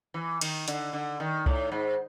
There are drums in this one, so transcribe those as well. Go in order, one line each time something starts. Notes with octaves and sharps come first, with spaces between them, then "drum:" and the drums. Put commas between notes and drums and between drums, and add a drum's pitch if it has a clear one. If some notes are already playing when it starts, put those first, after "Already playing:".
E3
D#3, drum: cymbal
D3, drum: hi-hat
D3
D#3
A2, drum: kick C2
G#2